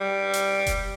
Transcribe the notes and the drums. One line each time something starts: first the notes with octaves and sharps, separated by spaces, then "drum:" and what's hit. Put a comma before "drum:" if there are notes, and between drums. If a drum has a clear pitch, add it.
G3
drum: hi-hat
drum: kick F1, hi-hat